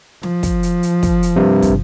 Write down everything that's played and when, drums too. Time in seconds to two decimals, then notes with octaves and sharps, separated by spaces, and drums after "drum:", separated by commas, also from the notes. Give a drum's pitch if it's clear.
0.23 F3, drum: snare
0.43 drum: kick, hi-hat
0.63 drum: hi-hat
0.83 drum: hi-hat
1.03 drum: kick, hi-hat
1.23 drum: hi-hat
1.36 G2 C3
1.62 drum: kick, hi-hat